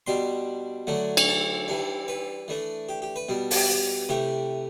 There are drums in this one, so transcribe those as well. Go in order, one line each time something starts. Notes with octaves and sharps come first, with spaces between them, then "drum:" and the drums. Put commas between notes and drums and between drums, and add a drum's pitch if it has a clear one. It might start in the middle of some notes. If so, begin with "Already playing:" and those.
B2 G3 D4 C6
D3 F#3 A3 D4
drum: cymbal
A5
E3 G3 D4
B4
E3 A3 D4
G4
G4
B4
B2 G3 D4
A4, drum: open hi-hat
G4
G4
C3 E3 A3 G4